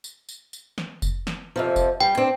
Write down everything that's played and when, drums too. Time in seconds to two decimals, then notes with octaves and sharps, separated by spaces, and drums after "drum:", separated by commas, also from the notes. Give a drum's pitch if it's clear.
0.04 drum: tambourine
0.29 drum: tambourine
0.53 drum: tambourine
0.78 drum: snare
1.02 drum: kick F1, tambourine
1.27 drum: snare
1.56 F2 C3 F3
1.76 drum: kick F1, tambourine
2.00 G3 G5
2.17 C4 D4